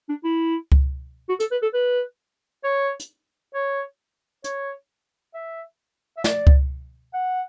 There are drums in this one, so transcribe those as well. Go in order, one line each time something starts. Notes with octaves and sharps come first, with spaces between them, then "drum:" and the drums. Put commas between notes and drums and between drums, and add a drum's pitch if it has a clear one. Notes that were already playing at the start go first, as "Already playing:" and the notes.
D4
E4
drum: kick C#2
F#4
A4, drum: hi-hat
B4
A4
B4
C#5
drum: hi-hat
C#5
C#5, drum: hi-hat
E5
E5
D5, drum: snare
drum: kick C#2
F#5